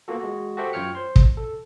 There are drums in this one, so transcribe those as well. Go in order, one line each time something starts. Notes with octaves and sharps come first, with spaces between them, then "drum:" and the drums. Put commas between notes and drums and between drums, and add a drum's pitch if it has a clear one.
A#3 B3 F4 F#4 A4
G#3 F#4
F#4 G4 A4 C5 E5 G5
F#2 F4 C#5 G5 F6 C#7
C5 C6
drum: kick
A4